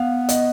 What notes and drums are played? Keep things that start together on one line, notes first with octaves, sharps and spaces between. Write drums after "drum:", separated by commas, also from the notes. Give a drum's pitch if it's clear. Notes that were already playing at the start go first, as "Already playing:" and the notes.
Already playing: B3 F5
D#5, drum: hi-hat